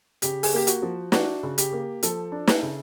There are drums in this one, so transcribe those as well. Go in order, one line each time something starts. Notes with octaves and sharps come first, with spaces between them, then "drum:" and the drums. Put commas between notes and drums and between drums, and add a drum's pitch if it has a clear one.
C#3 G4, drum: hi-hat
G#4, drum: open hi-hat
A#3 G4
F#4, drum: hi-hat
F3
D4 F#4, drum: snare
C#3
G4, drum: hi-hat
A#3
F3 A4, drum: hi-hat
D4
drum: snare
C#3